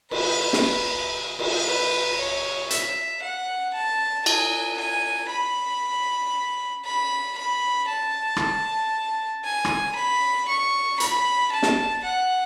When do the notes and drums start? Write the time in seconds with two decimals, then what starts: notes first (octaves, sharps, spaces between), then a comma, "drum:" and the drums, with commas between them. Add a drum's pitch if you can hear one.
0.11 B4, drum: cymbal
0.53 drum: snare
1.39 drum: cymbal
1.66 B4
2.19 C#5
2.70 E5, drum: hi-hat
3.23 F#5
3.74 A5
4.26 G#5, drum: cymbal
4.78 G#5
5.30 B5
6.85 B5
7.38 B5
7.89 A5
8.36 drum: rim click
9.44 G#5
9.65 drum: rim click
9.96 B5
10.48 C#6
11.00 B5, drum: hi-hat
11.52 A5
11.63 drum: snare
12.04 F#5